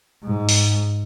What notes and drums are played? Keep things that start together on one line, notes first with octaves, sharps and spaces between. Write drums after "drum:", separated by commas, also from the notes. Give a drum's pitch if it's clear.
G#2
drum: open hi-hat